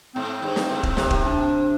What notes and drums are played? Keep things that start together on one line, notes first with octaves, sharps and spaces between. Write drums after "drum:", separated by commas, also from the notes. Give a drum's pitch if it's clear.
G#2 C4
G2
drum: snare
G#2
drum: kick
C3, drum: snare
drum: kick
D4